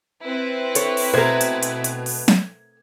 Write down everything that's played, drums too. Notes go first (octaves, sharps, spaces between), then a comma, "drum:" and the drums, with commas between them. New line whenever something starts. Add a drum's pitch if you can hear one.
C4 E4 B4
A4 C#5, drum: hi-hat
drum: open hi-hat
B2 A3 A#4 C5 G#6
drum: hi-hat
drum: hi-hat
drum: hi-hat
drum: open hi-hat
drum: snare